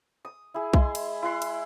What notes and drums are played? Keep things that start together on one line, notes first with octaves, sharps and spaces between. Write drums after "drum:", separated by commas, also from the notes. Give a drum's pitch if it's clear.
D#6
E4 G#4
G#3 E4 C6, drum: kick B1
drum: cymbal
E4 F#5 C6
drum: cymbal